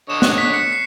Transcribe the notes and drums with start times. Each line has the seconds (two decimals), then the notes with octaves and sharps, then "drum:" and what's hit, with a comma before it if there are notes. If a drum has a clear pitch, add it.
0.10 D3 C#5 D#5 E7
0.22 F#6, drum: snare
0.38 B6
0.54 C#7
0.72 C7